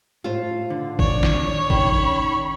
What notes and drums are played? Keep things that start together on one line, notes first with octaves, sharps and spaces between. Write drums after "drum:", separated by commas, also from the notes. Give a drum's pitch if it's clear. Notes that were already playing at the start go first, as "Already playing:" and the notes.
A2 F4 C5
D3
C#5 D5, drum: kick
drum: snare
D#3 C#4 B5 C#6, drum: kick